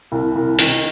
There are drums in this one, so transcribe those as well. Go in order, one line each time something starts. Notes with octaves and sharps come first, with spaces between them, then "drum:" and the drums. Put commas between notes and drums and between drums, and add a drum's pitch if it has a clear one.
C2
C2
D#3, drum: hi-hat